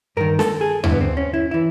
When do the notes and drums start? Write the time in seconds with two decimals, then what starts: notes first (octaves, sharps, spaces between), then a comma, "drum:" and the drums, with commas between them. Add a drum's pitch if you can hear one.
0.17 G2 D#3 A#4
0.39 A4, drum: snare
0.61 G#4
0.84 G2 D3 E4, drum: tom D#2
0.92 B3
1.01 C4
1.17 C#4
1.34 E4
1.51 E3 E4